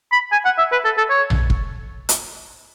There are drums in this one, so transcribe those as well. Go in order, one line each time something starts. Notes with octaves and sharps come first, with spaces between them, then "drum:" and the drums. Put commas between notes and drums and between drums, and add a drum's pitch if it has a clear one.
B5
G#5
F#5
E5
B4
A4
A4
C#5
drum: tom A#1
drum: kick
drum: hi-hat